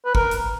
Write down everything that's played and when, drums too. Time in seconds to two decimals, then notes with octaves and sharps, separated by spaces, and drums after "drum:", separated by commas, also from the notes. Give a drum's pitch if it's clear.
0.05 B4
0.15 A#4, drum: kick
0.31 drum: hi-hat